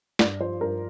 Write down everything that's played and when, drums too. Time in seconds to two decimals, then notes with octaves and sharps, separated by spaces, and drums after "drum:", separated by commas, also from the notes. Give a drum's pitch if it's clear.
0.19 G2 D5, drum: snare
0.40 F3 C5
0.61 G2 A#4